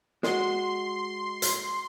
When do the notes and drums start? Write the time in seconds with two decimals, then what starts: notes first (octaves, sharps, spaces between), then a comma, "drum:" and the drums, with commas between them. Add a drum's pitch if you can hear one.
0.23 G#3 F#4 C6, drum: snare
1.42 drum: hi-hat